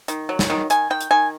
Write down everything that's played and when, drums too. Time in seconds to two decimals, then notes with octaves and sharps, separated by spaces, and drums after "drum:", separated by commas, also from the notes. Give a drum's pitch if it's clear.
0.08 D#3, drum: hi-hat
0.29 F#3
0.39 drum: snare
0.50 D#3
0.70 D#3 G#5, drum: hi-hat
0.90 D#3 G5
1.01 drum: hi-hat
1.11 D#3 G#5